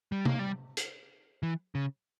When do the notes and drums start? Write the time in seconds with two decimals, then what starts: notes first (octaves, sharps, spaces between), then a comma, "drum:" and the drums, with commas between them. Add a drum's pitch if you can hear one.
0.12 G3
0.25 A#3, drum: tom C3
0.39 G3
0.77 drum: hi-hat
1.43 E3
1.75 C#3